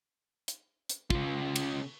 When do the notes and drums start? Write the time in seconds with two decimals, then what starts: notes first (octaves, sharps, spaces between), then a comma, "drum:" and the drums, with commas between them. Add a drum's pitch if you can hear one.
0.48 drum: hi-hat
0.89 drum: hi-hat
1.10 C#3 F4, drum: kick
1.56 drum: cymbal